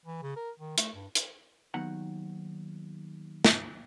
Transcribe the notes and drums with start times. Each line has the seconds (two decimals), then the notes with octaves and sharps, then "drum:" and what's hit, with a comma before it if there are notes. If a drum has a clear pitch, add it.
0.06 E3
0.22 C#3
0.36 A#4
0.59 D#3
0.78 A3, drum: hi-hat
0.95 G2
1.15 drum: hi-hat
1.74 D#2 D#3 F#3 B3 F#5 A#5
3.45 drum: snare